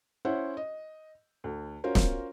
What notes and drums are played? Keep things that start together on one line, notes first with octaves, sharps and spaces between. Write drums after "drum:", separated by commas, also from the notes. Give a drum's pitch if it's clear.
C#4 E4 C5 F#5
D#5
D2
C#4 F4 F#4 A#4 C5
drum: snare